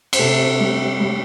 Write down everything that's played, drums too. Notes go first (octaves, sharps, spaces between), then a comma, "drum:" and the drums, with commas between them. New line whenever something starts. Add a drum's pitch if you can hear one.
C5, drum: cymbal
C3 A4
G3
G3